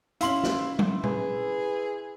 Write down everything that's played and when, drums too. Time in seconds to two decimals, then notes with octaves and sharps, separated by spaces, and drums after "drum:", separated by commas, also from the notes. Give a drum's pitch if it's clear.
0.21 C#4 E4 F5 C6 F#7, drum: hi-hat
0.43 drum: snare
0.79 drum: tom F#3
1.03 G#4 B4, drum: tom A#2